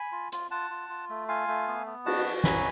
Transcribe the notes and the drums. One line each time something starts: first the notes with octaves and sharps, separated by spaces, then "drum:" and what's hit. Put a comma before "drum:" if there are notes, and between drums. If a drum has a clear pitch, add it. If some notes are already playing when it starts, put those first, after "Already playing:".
Already playing: G#5 B5
F4
F4, drum: hi-hat
F4 F#5 A5
F4
F4
A3
F4 F5 G#5
A3
B3
B3
F#4 F#5 A5, drum: cymbal
F#4
F#3 G#5 B5, drum: snare